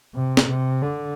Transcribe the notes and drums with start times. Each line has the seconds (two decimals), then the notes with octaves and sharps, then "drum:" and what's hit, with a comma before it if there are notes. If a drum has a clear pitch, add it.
0.15 C3
0.37 drum: snare
0.48 C3
0.82 D3